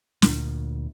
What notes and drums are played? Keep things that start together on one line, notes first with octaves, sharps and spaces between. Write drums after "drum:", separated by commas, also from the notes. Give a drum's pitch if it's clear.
D2 A#2, drum: snare